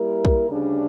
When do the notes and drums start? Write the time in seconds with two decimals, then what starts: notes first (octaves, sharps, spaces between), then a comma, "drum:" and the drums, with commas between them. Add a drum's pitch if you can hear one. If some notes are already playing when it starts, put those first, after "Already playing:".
Already playing: G3 A#3 E4 A#4
0.25 drum: kick
0.50 D2 C#3 G3 D4